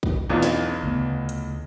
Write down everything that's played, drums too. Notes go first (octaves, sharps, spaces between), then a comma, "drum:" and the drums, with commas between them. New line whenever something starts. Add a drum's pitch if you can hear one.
drum: kick
B1 E2 F4
drum: snare
D2 C#3 B3
drum: hi-hat